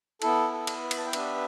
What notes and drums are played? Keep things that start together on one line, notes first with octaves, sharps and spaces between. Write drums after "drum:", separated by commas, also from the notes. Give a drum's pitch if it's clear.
B3 E4 A4, drum: cymbal
A4
drum: cymbal
B4
B5, drum: cymbal
A5
G5
B3 D4 G4 B4 E5, drum: cymbal